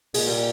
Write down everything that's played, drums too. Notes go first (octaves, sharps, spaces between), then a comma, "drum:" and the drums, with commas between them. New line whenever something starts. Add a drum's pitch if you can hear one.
A#2 G#3, drum: open hi-hat
G3